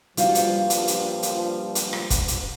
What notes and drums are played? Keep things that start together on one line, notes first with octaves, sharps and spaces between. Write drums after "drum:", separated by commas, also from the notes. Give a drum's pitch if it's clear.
G2 A#2 F3 G3 F4 F#4, drum: hi-hat
drum: hi-hat
drum: hi-hat
drum: hi-hat
drum: hi-hat
drum: hi-hat
drum: rim click
drum: kick, hi-hat
drum: hi-hat